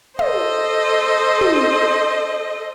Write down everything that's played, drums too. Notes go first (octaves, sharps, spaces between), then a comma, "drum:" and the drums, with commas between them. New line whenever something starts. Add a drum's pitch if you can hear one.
A4 C5 D#5, drum: tom
drum: tom